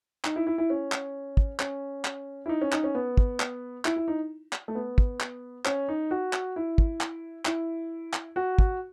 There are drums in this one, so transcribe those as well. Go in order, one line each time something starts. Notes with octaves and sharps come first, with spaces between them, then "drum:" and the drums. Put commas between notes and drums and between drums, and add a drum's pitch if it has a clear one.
D#4, drum: clap
E4
E4
E4
C#4
drum: clap
drum: kick
C#4, drum: clap
drum: clap
E4
D#4
C#4
D#4, drum: clap
C#4
B3
drum: kick
drum: clap
E4, drum: clap
E4
D#4
drum: clap
A3
B3
drum: kick
drum: clap
C#4, drum: clap
D#4
F#4
drum: clap
E4
drum: kick
drum: clap
E4, drum: clap
drum: clap
F#4
drum: kick